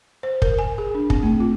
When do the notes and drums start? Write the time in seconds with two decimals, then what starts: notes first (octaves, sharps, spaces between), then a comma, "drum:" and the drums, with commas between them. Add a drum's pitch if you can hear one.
0.23 C5
0.42 A#4, drum: kick
0.59 G#5
0.78 G#4
0.95 D4
1.10 C4, drum: kick
1.23 A3
1.40 F4